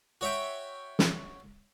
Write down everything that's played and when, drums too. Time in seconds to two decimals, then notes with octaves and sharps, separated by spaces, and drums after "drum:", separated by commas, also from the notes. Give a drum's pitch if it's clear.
0.21 F#4 C#5 E5 G5
0.99 drum: snare